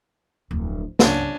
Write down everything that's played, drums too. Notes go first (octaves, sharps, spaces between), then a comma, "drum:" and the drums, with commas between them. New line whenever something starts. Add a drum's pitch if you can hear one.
D1 F2
C#2 G2 C#4 D4, drum: snare